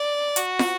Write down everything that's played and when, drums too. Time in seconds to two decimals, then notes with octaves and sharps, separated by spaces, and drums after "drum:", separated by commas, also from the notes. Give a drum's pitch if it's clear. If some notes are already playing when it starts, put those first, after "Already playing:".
Already playing: D5
0.36 F#4, drum: hi-hat
0.59 drum: snare